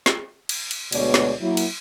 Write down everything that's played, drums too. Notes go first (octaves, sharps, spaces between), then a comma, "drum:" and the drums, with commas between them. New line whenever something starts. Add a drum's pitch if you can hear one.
drum: snare
drum: cymbal
drum: cymbal
D2 B2 G#3 B3 C#5 D5, drum: cymbal
drum: snare
F#3 A#3 E4
drum: cymbal